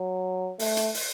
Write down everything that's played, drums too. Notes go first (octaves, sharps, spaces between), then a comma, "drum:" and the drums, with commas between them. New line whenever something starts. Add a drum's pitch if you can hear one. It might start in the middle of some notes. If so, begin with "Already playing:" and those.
Already playing: F#3
A3, drum: open hi-hat
drum: hi-hat
drum: open hi-hat